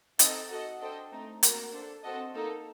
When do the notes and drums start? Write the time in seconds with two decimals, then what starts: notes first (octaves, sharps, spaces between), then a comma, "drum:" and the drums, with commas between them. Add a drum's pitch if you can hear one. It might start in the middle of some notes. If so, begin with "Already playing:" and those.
0.19 C4 D#4 A4 D#5, drum: hi-hat
0.50 F#4 A4 D#5 F#5
0.80 D4 A4 C5 D#5 G5
1.12 A3 C4 D#4
1.43 A#3 F#4 A#4, drum: hi-hat
1.73 D4 A4 C5
2.04 C4 F#4 A4 D#5 A5
2.35 A#3 D#4 A4